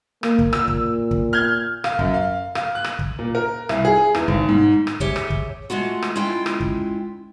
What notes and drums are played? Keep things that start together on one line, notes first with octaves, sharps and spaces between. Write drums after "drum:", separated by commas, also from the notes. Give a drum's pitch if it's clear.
A#3, drum: rim click
drum: kick
A#2 E6, drum: rim click
drum: kick
drum: kick
F6 G6 G#6
F5, drum: rim click
F#2, drum: kick
F5
F5, drum: rim click
F#6
drum: rim click
drum: kick
A#2
A#4
C2, drum: rim click
G#4
E2, drum: rim click
G#1, drum: kick
G#2
drum: rim click
G4 G#4 C#5 E5, drum: kick
drum: rim click
drum: kick
G#3 A3 F4 F#4
drum: rim click
G#3 C#4 E4 F4 G5
drum: rim click
drum: kick